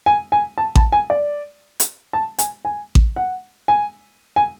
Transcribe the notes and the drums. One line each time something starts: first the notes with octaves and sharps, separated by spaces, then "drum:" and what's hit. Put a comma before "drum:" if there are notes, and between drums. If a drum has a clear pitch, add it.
G#5
G#5
A5
A5, drum: kick A1
G#5
D5
drum: hi-hat
A5
G#5, drum: hi-hat
G#5
drum: kick A1
F#5
G#5
G#5